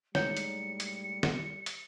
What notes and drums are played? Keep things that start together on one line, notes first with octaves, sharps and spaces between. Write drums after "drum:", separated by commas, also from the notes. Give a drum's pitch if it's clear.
A2 G3 G#3 D#4 C#5 C#7, drum: snare
drum: hi-hat
drum: hi-hat
drum: snare
drum: hi-hat